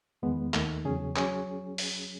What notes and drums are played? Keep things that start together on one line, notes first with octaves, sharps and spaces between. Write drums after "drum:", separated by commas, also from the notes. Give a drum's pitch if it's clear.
E2 D#3 G#3 B3
D#2 D#3 A3, drum: clap
E2 C#3 F#3 C#4 G#4
F#3 C#4 G#4, drum: clap
drum: open hi-hat